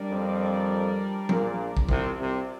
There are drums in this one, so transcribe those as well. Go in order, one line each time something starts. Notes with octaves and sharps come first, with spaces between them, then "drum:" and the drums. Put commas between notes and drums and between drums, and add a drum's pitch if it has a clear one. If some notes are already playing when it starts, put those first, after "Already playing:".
Already playing: G3 D4 A#4 D5
F2
A#1 A#2, drum: tom
drum: kick
C2 C3 C4 F4 D5, drum: kick
C2 C3